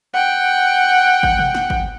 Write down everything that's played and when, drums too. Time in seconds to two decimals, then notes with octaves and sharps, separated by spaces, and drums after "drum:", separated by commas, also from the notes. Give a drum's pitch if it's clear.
0.14 F#5 G5
1.23 drum: kick
1.39 drum: tom B2
1.55 drum: snare
1.70 drum: kick